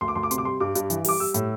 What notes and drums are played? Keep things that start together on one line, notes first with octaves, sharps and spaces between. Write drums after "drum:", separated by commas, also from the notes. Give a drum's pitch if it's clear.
D2 C6
D6
D2 C6
D6
C3 C6, drum: hi-hat
D6
G3 C6
G2 D6
G2, drum: hi-hat
E3, drum: hi-hat
G3 D6, drum: open hi-hat
G3 E6
A2, drum: hi-hat